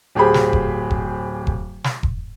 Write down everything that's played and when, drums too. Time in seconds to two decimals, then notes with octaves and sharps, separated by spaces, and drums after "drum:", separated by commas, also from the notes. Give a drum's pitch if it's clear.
0.15 D1 G4 G#4 C5 B5
0.34 drum: snare
0.53 drum: kick E1
0.90 drum: kick E1
1.47 drum: kick E1
1.84 drum: snare
2.03 drum: kick E1